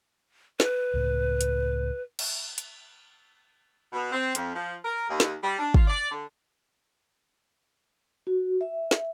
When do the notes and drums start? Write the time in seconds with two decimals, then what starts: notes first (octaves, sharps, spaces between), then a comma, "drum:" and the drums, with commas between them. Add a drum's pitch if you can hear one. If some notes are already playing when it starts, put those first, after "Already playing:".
0.60 B4, drum: snare
0.94 C#2 A2
1.41 drum: hi-hat
2.19 drum: cymbal
2.58 drum: hi-hat
3.93 B2
4.11 C4
4.35 F2, drum: hi-hat
4.54 F3
4.85 A#4
5.09 D#2
5.20 drum: snare
5.42 G3
5.58 D4
5.74 F4, drum: kick
5.87 D5
6.11 D3
8.27 F#4
8.61 E5
8.91 drum: snare